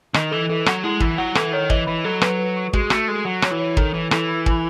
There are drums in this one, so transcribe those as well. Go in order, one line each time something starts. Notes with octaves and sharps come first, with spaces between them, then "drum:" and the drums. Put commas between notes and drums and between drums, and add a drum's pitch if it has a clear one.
D#3 D#5, drum: rim click
E3 A4
E3 A4
F#3 F#5, drum: rim click
G#3 E4
E3 E4, drum: kick
F#3 F#5
E3 A4, drum: rim click
D#3 C#5
E3 D#5, drum: kick
E3 B5
F#3 A4
B4, drum: rim click
B4
C#6
G#3 F#4, drum: kick
A3 F#4, drum: rim click
G#3 A4
F#3 F#5
C#5, drum: rim click
E3
C#5
D#3 A4, drum: kick
E3 E4
E3 A4, drum: rim click
B5
G#5, drum: kick